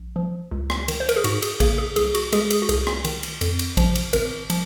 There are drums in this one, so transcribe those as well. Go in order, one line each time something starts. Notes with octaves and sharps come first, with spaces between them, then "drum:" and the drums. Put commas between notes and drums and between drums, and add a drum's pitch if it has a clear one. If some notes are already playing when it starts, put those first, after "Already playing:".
Already playing: A#1
F3
C#2
drum: rim click
D#3, drum: cymbal
C5
A#4, drum: cymbal
G#4
G#2 F#4, drum: cymbal
G#4, drum: cymbal
A#3 G#4, drum: kick A1, cymbal
G#4
C2 G#4, drum: cymbal
F#4, drum: cymbal
G#3 G#4, drum: cymbal
G#4, drum: cymbal
F#4
C2 G#4, drum: cymbal
drum: rim click
D#3, drum: cymbal
drum: cymbal
F2, drum: cymbal
drum: cymbal
F3, drum: kick A1, cymbal
drum: cymbal
G#1 A#4, drum: cymbal
F3, drum: cymbal